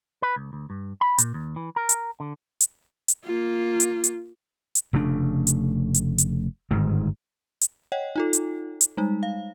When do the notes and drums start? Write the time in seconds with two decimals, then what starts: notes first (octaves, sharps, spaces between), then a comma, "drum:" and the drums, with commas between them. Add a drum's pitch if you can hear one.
0.22 B4
0.36 C#2
0.53 D2
0.70 G2
1.01 B5
1.18 A#2, drum: hi-hat
1.34 D#2
1.56 E3
1.76 A#4
1.89 drum: hi-hat
2.20 D3
2.61 drum: hi-hat
3.08 drum: hi-hat
3.24 A#3 F4
3.80 drum: hi-hat
4.04 drum: hi-hat
4.75 drum: hi-hat
4.93 F1 C#3 A3 D4
5.47 drum: hi-hat
5.94 drum: hi-hat
6.18 drum: hi-hat
6.71 G1 G#2 D#3
7.61 drum: hi-hat
7.92 C#5 D#5 F#5 G5
8.16 D#4 F4 A4
8.33 drum: hi-hat
8.81 drum: hi-hat
8.97 G3 G#3 D#4
9.23 F5